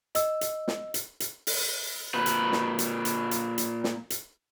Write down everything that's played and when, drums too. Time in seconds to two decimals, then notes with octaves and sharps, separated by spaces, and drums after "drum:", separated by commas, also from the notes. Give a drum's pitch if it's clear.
0.15 D#5 E6, drum: hi-hat
0.41 drum: hi-hat
0.68 drum: snare
0.94 drum: hi-hat
1.20 drum: hi-hat
1.47 drum: open hi-hat
2.14 A#2 B4
2.26 drum: hi-hat
2.52 drum: snare
2.79 drum: hi-hat
3.05 drum: hi-hat
3.31 drum: hi-hat
3.58 drum: hi-hat
3.84 drum: snare
4.10 drum: hi-hat